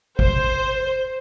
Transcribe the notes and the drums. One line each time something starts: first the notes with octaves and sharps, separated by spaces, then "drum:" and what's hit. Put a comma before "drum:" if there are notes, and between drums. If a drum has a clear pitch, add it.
C5, drum: kick G#1